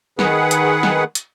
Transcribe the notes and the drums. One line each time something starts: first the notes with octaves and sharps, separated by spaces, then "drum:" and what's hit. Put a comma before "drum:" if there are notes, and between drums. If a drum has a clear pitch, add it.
D#3 G#4 B4 F#5, drum: snare
drum: hi-hat
drum: snare
drum: hi-hat